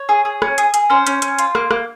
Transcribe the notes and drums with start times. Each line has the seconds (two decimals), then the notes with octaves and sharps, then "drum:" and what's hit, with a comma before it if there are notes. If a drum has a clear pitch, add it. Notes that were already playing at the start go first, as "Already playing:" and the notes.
Already playing: C#5
0.09 G#4
0.25 G#4
0.42 C#4, drum: rim click
0.58 G#4, drum: hi-hat
0.74 G#4, drum: hi-hat
0.90 C#4 C5
1.07 C#4, drum: hi-hat
1.22 C#4, drum: hi-hat
1.39 F4, drum: hi-hat
1.55 A#3, drum: rim click
1.71 A#3, drum: rim click